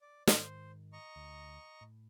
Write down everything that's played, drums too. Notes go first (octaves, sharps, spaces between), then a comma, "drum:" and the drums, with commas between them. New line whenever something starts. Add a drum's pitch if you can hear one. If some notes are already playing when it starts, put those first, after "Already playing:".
D5
G#2 D#3 C5, drum: snare
D#5 A#5 C#6
D2
A2